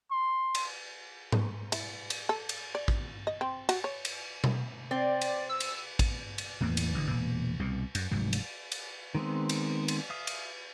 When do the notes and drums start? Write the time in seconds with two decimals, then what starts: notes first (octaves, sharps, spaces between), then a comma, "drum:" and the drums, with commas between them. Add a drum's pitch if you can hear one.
0.11 C6
0.55 drum: cymbal
1.32 drum: tom G#2
1.72 E4, drum: cymbal
2.10 drum: cymbal
2.29 A4
2.49 drum: cymbal
2.75 D5
2.88 drum: kick
3.27 D#5
3.41 C4
3.69 F#4, drum: cymbal
3.84 C#5
4.05 drum: cymbal
4.44 drum: tom B2
4.91 C4 D5
5.21 drum: cymbal
5.49 E6
5.60 drum: cymbal
5.99 drum: kick, cymbal
6.38 drum: cymbal
6.61 E2 A2 E3 A#3
6.77 drum: cymbal
6.94 A1 D3
7.10 E1 A#2
7.60 C2 B2
7.95 F#2, drum: cymbal
8.11 F1 D2 G#2 F#3
8.33 drum: cymbal
8.72 drum: cymbal
9.15 D#3 G#3 B3 C4
9.49 drum: cymbal
9.88 drum: cymbal
10.09 E5 F5 D#6
10.27 drum: cymbal